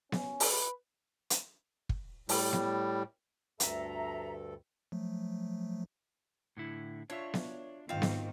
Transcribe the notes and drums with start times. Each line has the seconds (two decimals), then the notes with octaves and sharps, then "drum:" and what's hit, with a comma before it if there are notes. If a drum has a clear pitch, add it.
0.12 C#4, drum: snare B3
0.40 drum: open hi-hat
0.51 B4
1.30 drum: hi-hat
1.89 drum: kick
2.29 A2 G3, drum: open hi-hat
2.53 drum: snare B3
3.60 D2 G2 A4 E5 A5 A#5, drum: hi-hat
4.92 F3 F#3 A3
6.57 A2 D3 E4
7.10 D4 F4 C#5 E5
7.34 drum: snare B3
7.89 G#2 D#3 C4 F4 F5
8.02 drum: snare B3